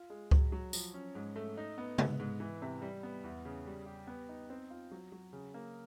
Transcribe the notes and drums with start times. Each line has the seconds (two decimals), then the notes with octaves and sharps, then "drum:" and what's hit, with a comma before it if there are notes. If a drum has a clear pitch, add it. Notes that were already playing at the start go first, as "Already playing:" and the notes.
Already playing: F4
0.10 G#3
0.31 F#3, drum: kick C#2
0.52 F#3
0.73 F3, drum: tambourine
0.94 C#4
1.15 G#2
1.36 A3
1.57 D#4
1.78 B3
1.98 G#2, drum: tom
2.20 G#2
2.40 E3
2.62 C3
2.82 G3
3.03 B3
3.24 E2
3.45 C#3
3.66 G3
3.86 G4
4.07 B3
4.29 D#4
4.50 C4
4.70 F4
4.91 F#3
5.12 F#3
5.33 C#3
5.54 A#3